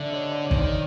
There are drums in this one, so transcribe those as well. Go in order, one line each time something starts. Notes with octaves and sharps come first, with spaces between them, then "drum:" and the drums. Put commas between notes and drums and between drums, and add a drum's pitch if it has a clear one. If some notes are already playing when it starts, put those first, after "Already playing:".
Already playing: D3 D5 E5
C#5 D#5
D5
C#5
D#3, drum: kick
C5 D5